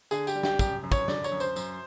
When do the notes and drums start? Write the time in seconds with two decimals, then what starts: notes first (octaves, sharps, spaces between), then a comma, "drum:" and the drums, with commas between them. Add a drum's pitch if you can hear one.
0.11 D3 G#4, drum: tambourine
0.27 G4, drum: tambourine
0.35 G3
0.43 G4, drum: snare
0.59 F#2 G4, drum: kick, tambourine
0.83 F#2
0.92 C#5, drum: kick, tambourine
1.08 D3 D5, drum: snare
1.24 C#5, drum: tambourine
1.32 F#2
1.40 C5, drum: tambourine
1.56 F#2, drum: tambourine